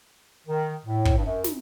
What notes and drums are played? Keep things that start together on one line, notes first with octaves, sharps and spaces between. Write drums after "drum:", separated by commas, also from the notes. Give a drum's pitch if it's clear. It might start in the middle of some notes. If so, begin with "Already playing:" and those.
D#3
A2
drum: kick
G2
F#2
drum: snare